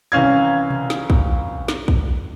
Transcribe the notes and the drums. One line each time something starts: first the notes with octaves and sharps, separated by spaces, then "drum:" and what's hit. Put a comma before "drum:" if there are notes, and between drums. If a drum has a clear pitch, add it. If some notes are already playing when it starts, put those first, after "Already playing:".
C2 E3 C#4 F5 G#6
drum: tom B2
drum: snare
drum: kick
drum: snare
drum: kick